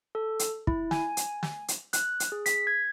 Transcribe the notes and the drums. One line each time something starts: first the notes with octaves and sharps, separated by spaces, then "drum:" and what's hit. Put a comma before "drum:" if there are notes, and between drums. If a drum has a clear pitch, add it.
A4
drum: hi-hat
E4, drum: kick
G#5, drum: snare
drum: hi-hat
drum: snare
drum: hi-hat
F#6, drum: hi-hat
drum: hi-hat
G#4
B6, drum: hi-hat
G#6